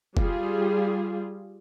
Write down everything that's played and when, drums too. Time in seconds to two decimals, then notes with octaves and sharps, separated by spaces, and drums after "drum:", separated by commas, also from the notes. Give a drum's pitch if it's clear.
0.17 G3 F4 G#4, drum: kick F1